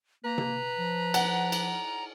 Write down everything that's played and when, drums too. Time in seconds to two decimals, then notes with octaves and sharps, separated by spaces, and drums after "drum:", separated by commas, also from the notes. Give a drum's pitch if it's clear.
0.24 A#3 B4 A#5
0.38 drum: tom C3
0.78 F3
1.14 F#5, drum: cymbal
1.52 drum: cymbal